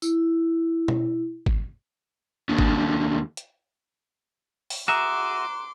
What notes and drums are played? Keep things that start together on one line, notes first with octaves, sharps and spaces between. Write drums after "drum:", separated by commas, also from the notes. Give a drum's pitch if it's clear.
E4, drum: tambourine
drum: tom B2
drum: kick G#1
D#2 D3
drum: kick G#1
drum: hi-hat
drum: open hi-hat
F#4 G#4 E5 A#5 C6 D6 F#6 E7